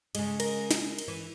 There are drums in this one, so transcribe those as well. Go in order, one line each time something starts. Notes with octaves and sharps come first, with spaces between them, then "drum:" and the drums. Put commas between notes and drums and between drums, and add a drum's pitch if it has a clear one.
C#3 G#3, drum: cymbal
A#4, drum: cymbal
drum: snare
drum: cymbal
E3